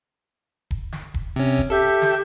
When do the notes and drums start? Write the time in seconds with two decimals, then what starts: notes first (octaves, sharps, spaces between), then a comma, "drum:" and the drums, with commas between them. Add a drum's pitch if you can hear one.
0.71 drum: kick D#1
0.92 drum: snare
1.14 drum: kick D#1
1.36 C3 C#4
1.58 drum: kick D#1
1.70 G4 A4 E5
2.02 drum: snare